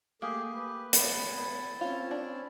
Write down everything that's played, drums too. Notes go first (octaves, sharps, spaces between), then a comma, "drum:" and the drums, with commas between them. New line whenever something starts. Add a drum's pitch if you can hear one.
A3 A#3 G4 G#4
G4 B4
E4 A5, drum: hi-hat
C4 C#4 F4
D4